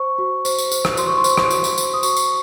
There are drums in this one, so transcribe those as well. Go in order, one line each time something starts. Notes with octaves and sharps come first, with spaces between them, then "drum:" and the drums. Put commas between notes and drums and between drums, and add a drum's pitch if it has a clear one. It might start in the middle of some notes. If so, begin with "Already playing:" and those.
Already playing: C5 C#6
F#4
C5, drum: tambourine
drum: tambourine
C5, drum: tambourine
drum: rim click
F#4 C6, drum: tambourine
C#6
C6
C5, drum: tambourine
drum: rim click
F#4, drum: tambourine
drum: tambourine
C5, drum: tambourine
D#6
F#4 C#6, drum: tambourine
drum: tambourine